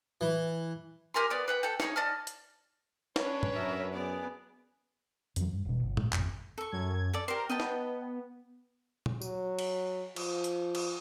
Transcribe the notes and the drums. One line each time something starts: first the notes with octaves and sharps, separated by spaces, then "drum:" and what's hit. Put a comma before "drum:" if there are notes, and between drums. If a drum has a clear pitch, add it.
E3
G4 A#4 G#5 C6
B3 D5
B4 F#5 G5
A4 G5
D#4 G#4 C#5, drum: snare
D5 D#5 A5 F6
drum: hi-hat
C#4 D4 B4 C#5, drum: snare
drum: tom G#2
F#2 A#4 E5
B3 G#4 D5
F2 E3 F#3, drum: hi-hat
G2
E1 B2
G1
A2 G#3, drum: tom
G#1 F2, drum: clap
A4 C#6
F#2 G#6
A4 D5
G4 A#4 C5
B3 D#5 G5 A5
drum: snare
drum: tom
F#3, drum: tambourine
drum: cymbal
F3, drum: cymbal
drum: hi-hat
drum: cymbal